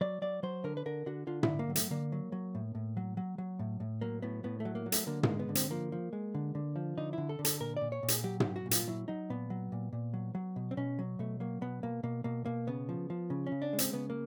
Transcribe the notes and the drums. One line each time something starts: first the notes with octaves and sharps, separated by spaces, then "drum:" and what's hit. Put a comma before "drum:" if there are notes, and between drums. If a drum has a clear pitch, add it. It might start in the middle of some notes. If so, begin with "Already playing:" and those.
F#3 D5
F#3 D5
F#3 C5
D3 A#4
B4
D3 A#4
D3 F#4
D3 F4
E4, drum: tom
D3
A#3
F#3
A3, drum: hi-hat
D3 A#3
F#3
F#3
A2
A2
F#3
F#3
F#3
A2
A2
F#3 A#3
A2 B3
A2 B3
A3
F#3
A#3
F#3
A3, drum: hi-hat
D3 A#3
A#3, drum: tom
G#3
B3
D3
C4, drum: hi-hat
F3 A#3
F3
G#3
D3
D3
F3
D3 D#4
D3 E4
A4
D3
A4, drum: hi-hat
A#2 A#4
A#2 D5
C#5
A#2
G#4, drum: hi-hat
F#3 G4
F#3 G4, drum: tom
F#4
A#2
F4, drum: hi-hat
F#3 E4
F#3 D#4
A#2 B3
F#3
A#2
A#2
F#3
F#3
B2
C4
B2 C#4
F#3
B2 A3
F#3 A#3
B2 B3
B2 A#3
B2 A#3
B2 A#3
B2 A#3
C#3 B3
F3
F3
C#3
C#4
C#3
D4
G#3
C4, drum: hi-hat
C#3 B3
A#3